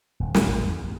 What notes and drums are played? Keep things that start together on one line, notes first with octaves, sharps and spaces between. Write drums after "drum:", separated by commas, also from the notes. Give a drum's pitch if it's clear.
D#1
C3, drum: snare
A1
F2
D#2